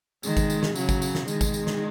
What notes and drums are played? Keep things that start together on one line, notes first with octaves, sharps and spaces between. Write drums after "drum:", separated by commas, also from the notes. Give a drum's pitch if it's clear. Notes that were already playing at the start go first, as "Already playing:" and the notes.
D#3 G#3, drum: tambourine
drum: kick G#1, tambourine
drum: tambourine
drum: snare
C#3 F#3, drum: tambourine
drum: kick G#1, tambourine
drum: tambourine
drum: snare
D#3 G#3, drum: tambourine
drum: kick G#1, tambourine
drum: tambourine
drum: snare